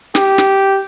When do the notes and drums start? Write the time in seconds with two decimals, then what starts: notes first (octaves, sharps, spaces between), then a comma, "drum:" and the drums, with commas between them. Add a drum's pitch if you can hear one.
0.15 G4, drum: snare
0.38 drum: snare